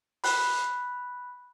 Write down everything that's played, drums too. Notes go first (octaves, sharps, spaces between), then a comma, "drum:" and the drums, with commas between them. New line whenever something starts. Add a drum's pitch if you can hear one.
B5 F#6, drum: open hi-hat